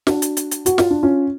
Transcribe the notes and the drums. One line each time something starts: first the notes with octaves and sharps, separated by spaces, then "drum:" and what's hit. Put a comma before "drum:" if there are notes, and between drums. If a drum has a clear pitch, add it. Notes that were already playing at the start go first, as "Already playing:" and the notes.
D4 F#4, drum: snare
drum: hi-hat
drum: hi-hat
drum: hi-hat
F#4, drum: hi-hat
F4, drum: snare
D4
C#4 F4